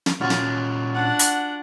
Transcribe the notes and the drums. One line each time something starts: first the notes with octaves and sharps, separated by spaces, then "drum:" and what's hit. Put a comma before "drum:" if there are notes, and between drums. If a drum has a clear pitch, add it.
drum: snare
A#2 C#4 F4 F#4 C6
drum: snare
D4 F#5
drum: hi-hat